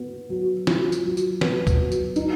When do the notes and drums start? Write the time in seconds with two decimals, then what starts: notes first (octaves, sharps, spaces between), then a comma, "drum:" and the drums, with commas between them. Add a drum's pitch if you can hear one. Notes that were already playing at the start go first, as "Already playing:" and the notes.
Already playing: B3
0.30 F#3
0.67 F4, drum: snare
0.92 drum: tambourine
1.05 F#3
1.17 drum: tambourine
1.41 B3, drum: snare
1.67 drum: kick, tambourine
1.79 F#3
1.92 drum: tambourine
2.16 D#4, drum: tambourine